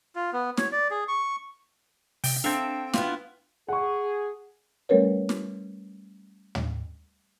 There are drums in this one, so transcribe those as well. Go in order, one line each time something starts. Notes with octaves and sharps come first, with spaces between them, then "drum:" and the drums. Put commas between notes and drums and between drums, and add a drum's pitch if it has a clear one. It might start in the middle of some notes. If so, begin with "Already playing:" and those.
F4
B3
C#5, drum: snare
D5
G#4
C#6
C3 G5, drum: open hi-hat
C4 D4 A4 E5 F5 G5
B3 E4 F4, drum: snare
G#4 F#5 C#6
G3 A3 C#4 A#4 B4 C#5
drum: snare
drum: tom